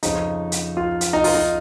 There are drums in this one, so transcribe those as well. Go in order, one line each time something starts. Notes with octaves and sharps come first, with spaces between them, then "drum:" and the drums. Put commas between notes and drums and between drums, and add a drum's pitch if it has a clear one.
F2 C#3 F3 D#4, drum: hi-hat
drum: hi-hat
F4
drum: hi-hat
D#4
F4, drum: open hi-hat
D#4